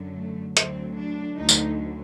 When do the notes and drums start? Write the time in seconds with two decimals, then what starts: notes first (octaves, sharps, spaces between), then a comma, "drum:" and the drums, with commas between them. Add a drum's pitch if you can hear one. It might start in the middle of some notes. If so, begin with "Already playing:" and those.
Already playing: F#2 D3 F#3
0.16 A3
0.57 D2 D3 F#3 C4, drum: hi-hat
0.97 D4
1.37 D2 D3 F#3 D#4
1.49 drum: tambourine